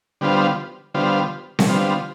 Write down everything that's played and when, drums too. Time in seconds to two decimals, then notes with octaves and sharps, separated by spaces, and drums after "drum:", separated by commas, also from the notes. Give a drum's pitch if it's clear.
0.21 D3 G3 B3 F4 C5
0.94 D3 G3 B3 F4 C5
1.59 drum: snare C4
1.68 D3 G3 B3 F4 C5